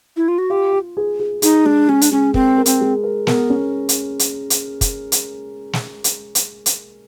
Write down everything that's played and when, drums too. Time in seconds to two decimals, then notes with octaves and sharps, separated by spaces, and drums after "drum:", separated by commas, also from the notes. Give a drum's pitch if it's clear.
0.17 E4
0.28 F4
0.38 F#4
0.50 F4 G4
0.72 F4
0.97 G#4
1.20 G#4
1.42 D#4 G#4, drum: hi-hat
1.65 G#3 D4
1.88 G#3 C#4
2.02 D4, drum: hi-hat
2.12 G#3 C#4
2.34 C4 A#4, drum: kick
2.58 A#4
2.66 C4, drum: hi-hat
2.81 G#3
3.04 A#4
3.27 B3 A#4, drum: snare
3.50 C#4
3.89 drum: hi-hat
4.19 drum: hi-hat
4.50 drum: hi-hat
4.81 drum: kick, hi-hat
5.12 drum: hi-hat
5.73 drum: snare
6.04 drum: hi-hat
6.35 drum: hi-hat
6.66 drum: hi-hat